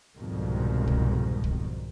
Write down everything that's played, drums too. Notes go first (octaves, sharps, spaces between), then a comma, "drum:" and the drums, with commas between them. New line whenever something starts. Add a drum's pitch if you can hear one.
C2 F2 G#2 B2 D#3 G#3
drum: kick
drum: kick